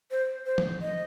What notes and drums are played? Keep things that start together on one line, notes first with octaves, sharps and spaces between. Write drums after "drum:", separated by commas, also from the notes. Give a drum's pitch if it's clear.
C5
C5
drum: tom F3
D#5